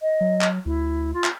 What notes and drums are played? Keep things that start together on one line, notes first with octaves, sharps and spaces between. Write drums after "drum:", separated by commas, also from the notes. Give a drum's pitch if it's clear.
D#5
F#3
drum: clap
D2 E4
F4
drum: clap